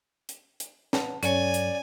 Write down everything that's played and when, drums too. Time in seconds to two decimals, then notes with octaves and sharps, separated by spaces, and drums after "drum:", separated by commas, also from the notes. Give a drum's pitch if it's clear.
0.29 drum: hi-hat
0.60 drum: hi-hat
0.93 B4 F#5 A5, drum: snare
1.23 G2 F#3 C#4 A4 C#5 D5 G#5, drum: hi-hat
1.54 drum: hi-hat